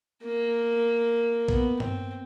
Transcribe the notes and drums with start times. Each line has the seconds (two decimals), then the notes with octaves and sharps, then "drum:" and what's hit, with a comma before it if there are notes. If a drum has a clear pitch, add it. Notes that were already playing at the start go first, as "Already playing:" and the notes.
0.24 A#3
1.48 B3, drum: kick
1.80 C4, drum: tom G2